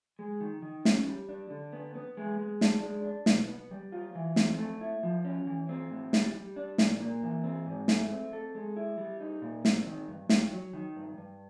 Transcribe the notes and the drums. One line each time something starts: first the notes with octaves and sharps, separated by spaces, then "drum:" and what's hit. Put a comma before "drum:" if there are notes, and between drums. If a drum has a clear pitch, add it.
G#3
D#3
D#3
C#4, drum: snare
G3
D4
D3
B3
B3
G#3
G#3
D4, drum: snare
G#3
D4
B2, drum: snare
B3
G3
F4
E3
C4, drum: snare
A3
E4
F3
C#4
E3
C4
A2
G3, drum: snare
G3
D4
A#2, drum: snare
A#3
E3
C4
G#2
A3, drum: snare
C4
A4
G#3
E4
G3
D#4
A#2
C4, drum: snare
D#3
G2
G2, drum: snare
F#3
D#3
G2
G2